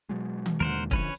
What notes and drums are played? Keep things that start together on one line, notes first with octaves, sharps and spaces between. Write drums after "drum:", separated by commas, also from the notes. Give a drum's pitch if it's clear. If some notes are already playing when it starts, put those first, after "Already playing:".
B2 F#3 G#3
drum: tom D#3
D#2 D3 A#4 C5 F#5
D3 F3 C#4 B4 C#5, drum: kick